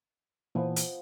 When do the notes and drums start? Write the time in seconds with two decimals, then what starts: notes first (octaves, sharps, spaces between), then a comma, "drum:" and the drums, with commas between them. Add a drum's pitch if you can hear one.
0.55 A#2 E3 F3 B3
0.76 drum: hi-hat